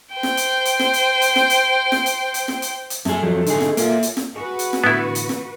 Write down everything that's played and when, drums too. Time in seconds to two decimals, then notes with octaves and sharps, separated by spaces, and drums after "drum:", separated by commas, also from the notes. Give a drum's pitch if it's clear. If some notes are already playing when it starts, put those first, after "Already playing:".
0.14 C5 G5
0.23 drum: snare
0.37 drum: hi-hat
0.65 drum: hi-hat
0.79 drum: snare
0.94 drum: hi-hat
1.22 drum: hi-hat
1.36 drum: snare
1.50 drum: hi-hat
1.92 drum: snare
2.06 drum: hi-hat
2.34 drum: hi-hat
2.48 drum: snare
2.62 drum: hi-hat
2.90 drum: hi-hat
3.05 F#2 A3 G#4, drum: snare
3.23 F2 F3 F#3
3.46 D3 D#4 G#4, drum: hi-hat
3.61 drum: snare
3.77 F#2 A#3 F4, drum: hi-hat
4.03 drum: hi-hat
4.17 drum: snare
4.36 F#4 G#4 B4
4.59 drum: hi-hat
4.73 drum: snare
4.84 A2 D3 E3 B3 E4
5.15 drum: hi-hat
5.29 drum: snare